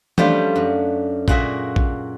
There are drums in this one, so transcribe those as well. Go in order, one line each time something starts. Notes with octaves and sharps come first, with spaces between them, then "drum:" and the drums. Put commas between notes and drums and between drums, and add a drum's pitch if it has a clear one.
F3 G3 A3 C#4 D4 F4, drum: tom E3
F#2
A#2 A#3 F#4 G#4 E5, drum: kick A#1
drum: kick A#1